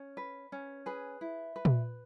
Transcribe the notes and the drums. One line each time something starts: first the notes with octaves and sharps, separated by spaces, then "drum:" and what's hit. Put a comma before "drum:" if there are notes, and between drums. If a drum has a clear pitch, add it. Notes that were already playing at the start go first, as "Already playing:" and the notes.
Already playing: C#4
B4
C#4
G#4 B4
E4
B4
drum: tom A#2